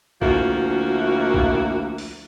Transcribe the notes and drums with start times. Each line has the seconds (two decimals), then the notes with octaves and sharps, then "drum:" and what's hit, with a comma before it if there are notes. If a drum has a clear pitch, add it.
0.22 D2 F3 A#3 E4 F#4, drum: kick
1.34 drum: kick
1.98 drum: open hi-hat